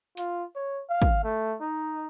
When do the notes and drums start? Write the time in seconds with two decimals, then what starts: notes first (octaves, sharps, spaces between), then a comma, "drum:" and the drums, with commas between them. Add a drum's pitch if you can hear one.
0.17 F4, drum: hi-hat
0.55 C#5
0.89 F5
1.02 drum: kick
1.24 A3
1.61 D#4